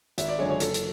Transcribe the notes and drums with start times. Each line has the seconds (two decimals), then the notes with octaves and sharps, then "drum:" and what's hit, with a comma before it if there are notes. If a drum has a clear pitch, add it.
0.18 G#1 E5, drum: hi-hat
0.28 D5
0.39 F#2 D3 G#3 C#5
0.50 C#5
0.60 F#1 A4, drum: hi-hat
0.74 drum: hi-hat